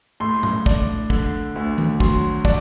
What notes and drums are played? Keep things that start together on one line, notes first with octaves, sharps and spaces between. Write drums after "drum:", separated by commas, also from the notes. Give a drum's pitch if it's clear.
A2 C6
drum: tom A2
D4, drum: kick
D3, drum: kick
D2
drum: tom D#3
F#3 C6, drum: kick
D4, drum: kick